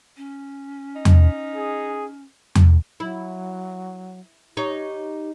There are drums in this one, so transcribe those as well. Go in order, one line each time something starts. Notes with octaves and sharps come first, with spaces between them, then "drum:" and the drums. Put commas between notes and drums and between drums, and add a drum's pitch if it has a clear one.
C#4
D#4
drum: tom E2
G#4
drum: tom E2
F#3 E4
D#4 G4 C#5